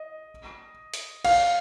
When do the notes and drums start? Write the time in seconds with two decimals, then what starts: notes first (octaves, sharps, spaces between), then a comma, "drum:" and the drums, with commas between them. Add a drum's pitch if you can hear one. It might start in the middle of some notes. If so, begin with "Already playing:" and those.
Already playing: D#5
0.94 drum: hi-hat
1.25 F5, drum: cymbal